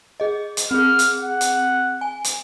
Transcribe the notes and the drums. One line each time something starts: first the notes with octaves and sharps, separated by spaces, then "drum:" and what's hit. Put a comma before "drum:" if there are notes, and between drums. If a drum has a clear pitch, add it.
G#4 D#5
drum: hi-hat
C4 G#4 F6
drum: hi-hat
F#5
drum: hi-hat
G#5
drum: hi-hat